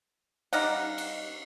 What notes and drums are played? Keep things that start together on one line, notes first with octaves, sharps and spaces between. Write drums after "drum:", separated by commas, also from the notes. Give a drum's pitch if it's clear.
G3 D#4 F5 F#5, drum: cymbal
drum: cymbal